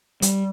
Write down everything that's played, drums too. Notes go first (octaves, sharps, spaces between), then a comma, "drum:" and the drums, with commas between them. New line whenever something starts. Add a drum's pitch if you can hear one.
G3, drum: hi-hat